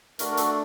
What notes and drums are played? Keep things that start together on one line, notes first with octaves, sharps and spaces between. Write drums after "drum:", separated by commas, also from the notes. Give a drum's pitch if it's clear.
A3 D4 F#4 A#4, drum: hi-hat
A#4
A4, drum: hi-hat